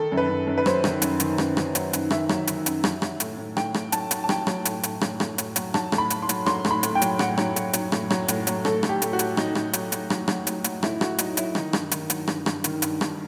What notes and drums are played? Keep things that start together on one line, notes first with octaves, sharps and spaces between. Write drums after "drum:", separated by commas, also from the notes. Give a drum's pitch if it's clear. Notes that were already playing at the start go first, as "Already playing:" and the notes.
Already playing: D#3 A4
F#2
B4
F#2
F#2
B4
F#3 C5, drum: rim click
D#3, drum: rim click
F#2, drum: hi-hat
D#3, drum: hi-hat
F#2, drum: rim click
D#3, drum: rim click
F#3, drum: hi-hat
F#2, drum: hi-hat
D#3 E5, drum: rim click
F#3, drum: rim click
D#3, drum: hi-hat
F#2, drum: hi-hat
F#3, drum: rim click
F#3, drum: rim click
A2, drum: hi-hat
A2
A2 G5, drum: rim click
A2, drum: rim click
F#3 A5, drum: hi-hat
F#3, drum: hi-hat
A5
F#3 G5, drum: rim click
F#3, drum: rim click
A2, drum: hi-hat
A2, drum: hi-hat
A2, drum: rim click
A2, drum: rim click
A2, drum: hi-hat
F#3, drum: hi-hat
F#3 A5, drum: rim click
A2, drum: rim click
B5
A2, drum: hi-hat
C6
F#3, drum: hi-hat
F#3 C6, drum: rim click
A2, drum: rim click
B5
A2, drum: hi-hat
G5
F#3, drum: hi-hat
A2 F#5, drum: rim click
F#3, drum: rim click
F#3, drum: hi-hat
F#3, drum: hi-hat
A2, drum: rim click
F#3, drum: rim click
A2, drum: hi-hat
F#3, drum: hi-hat
A2 A4, drum: rim click
A2, drum: rim click
G4
A2, drum: hi-hat
F#4
A2, drum: hi-hat
F#3 D#4, drum: rim click
A2, drum: rim click
F#3, drum: hi-hat
F#3, drum: hi-hat
F#3, drum: rim click
F#3, drum: rim click
F#3, drum: hi-hat
F#3, drum: hi-hat
A2 E4, drum: rim click
A2 F#4, drum: rim click
F#3 D#4, drum: hi-hat
F#3 E4, drum: hi-hat
D#3 D#4, drum: rim click
G2, drum: rim click
D#3, drum: hi-hat
F#3, drum: hi-hat
G2, drum: rim click
G2, drum: rim click
D#3, drum: hi-hat
G2, drum: hi-hat
G2, drum: rim click